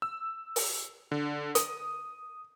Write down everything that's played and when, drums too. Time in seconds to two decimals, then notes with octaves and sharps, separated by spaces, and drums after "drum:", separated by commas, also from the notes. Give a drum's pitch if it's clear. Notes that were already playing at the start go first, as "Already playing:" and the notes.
0.02 E6
0.56 drum: open hi-hat
1.12 D3
1.55 D#6, drum: hi-hat